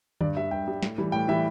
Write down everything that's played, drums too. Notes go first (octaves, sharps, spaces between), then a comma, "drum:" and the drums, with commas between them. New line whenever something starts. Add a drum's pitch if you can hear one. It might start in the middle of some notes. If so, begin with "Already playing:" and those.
G2 D5, drum: tom D3
G3 E5
G2 G5
G3
A2, drum: snare
E3 G3
A2 G5
E3 G3 E5